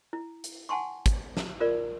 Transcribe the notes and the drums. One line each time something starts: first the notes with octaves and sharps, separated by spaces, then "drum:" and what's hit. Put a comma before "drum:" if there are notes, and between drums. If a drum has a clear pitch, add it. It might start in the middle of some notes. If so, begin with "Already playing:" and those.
E4
drum: hi-hat
F#5 G#5 A5 C6 C#6
drum: kick, hi-hat
drum: snare
F4 A#4 D5